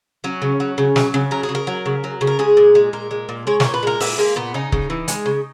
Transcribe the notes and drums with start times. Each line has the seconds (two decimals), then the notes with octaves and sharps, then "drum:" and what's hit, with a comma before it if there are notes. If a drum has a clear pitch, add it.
0.24 F#3 C#4
0.42 C#3
0.60 F#3
0.78 C#3
0.96 F#3, drum: snare
1.14 C#3
1.31 F#3 A#4
1.43 G#4
1.49 C#3
1.55 A#4
1.67 F#3
1.86 C#3
2.04 F#3
2.21 C#3
2.27 A#4
2.39 G#3 G#4
2.57 A#2
2.75 G#3
2.93 A#2 A#4
3.11 G#3
3.29 A#2
3.47 G#3 C#5
3.60 A#2 C#5, drum: snare
3.74 B4
3.83 G#3 A#4
4.00 A#2 E4, drum: open hi-hat
4.18 G#3 A#3
4.36 A#2 B3
4.54 C#3 D#4
4.72 C#3, drum: kick
4.90 E3
5.08 G#3, drum: hi-hat
5.26 C#3